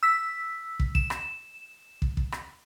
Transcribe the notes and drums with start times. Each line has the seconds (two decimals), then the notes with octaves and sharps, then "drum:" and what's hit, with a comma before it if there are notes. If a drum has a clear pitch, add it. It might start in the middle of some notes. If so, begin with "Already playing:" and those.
0.03 E6 B6
0.80 drum: kick
0.95 E7, drum: kick
1.10 drum: rim click
2.02 drum: kick
2.17 drum: kick
2.32 drum: rim click